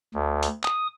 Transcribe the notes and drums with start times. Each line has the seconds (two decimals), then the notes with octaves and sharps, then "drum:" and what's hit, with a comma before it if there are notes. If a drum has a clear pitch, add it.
0.14 D2
0.43 drum: hi-hat
0.64 D#6, drum: clap